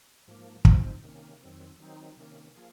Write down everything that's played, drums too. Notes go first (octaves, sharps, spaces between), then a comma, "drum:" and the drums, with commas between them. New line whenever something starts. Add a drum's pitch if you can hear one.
G#2 F3 A#3
C3 F3 C4 D#4, drum: kick
C3 D#3 A#3 C#4
F2 D#3 F#3 C4
D#3 F#3 C4 D#4
C3 D#3 A#3 C#4
F3 A#3 F4 G#4